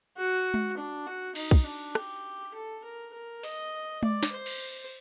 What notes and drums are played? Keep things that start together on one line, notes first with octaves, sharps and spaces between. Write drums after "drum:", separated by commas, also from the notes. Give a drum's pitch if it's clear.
F#4
drum: tom G#3
D4
F#4
D#4, drum: cymbal
drum: kick
D4
G4, drum: rim click
A4
A#4
A#4
D#5, drum: open hi-hat
D5, drum: tom G#3
drum: snare
C5
drum: cymbal